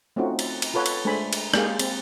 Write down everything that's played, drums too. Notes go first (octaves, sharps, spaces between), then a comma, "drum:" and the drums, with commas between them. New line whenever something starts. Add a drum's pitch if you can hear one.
A3 C4 C#4 D#4 F4 F#4
drum: cymbal
drum: cymbal
F4 A4 B4 C#5 F#5
drum: cymbal
G#3 A3 D4 C5 G#5 B5
drum: cymbal
G#3 A#3 G4 G#4 F5, drum: rim click
C4, drum: cymbal